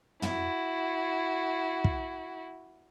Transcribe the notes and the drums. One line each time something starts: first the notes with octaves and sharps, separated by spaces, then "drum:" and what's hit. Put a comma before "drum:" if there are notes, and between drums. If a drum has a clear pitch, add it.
E4 F#4, drum: tom
drum: kick